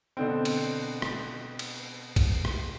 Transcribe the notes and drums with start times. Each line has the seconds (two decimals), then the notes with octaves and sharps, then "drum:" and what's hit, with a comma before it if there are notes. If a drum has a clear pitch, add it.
0.17 B2 D3 C4
0.45 drum: cymbal
1.02 drum: rim click
1.59 drum: cymbal
2.16 drum: kick A#1, cymbal
2.45 drum: rim click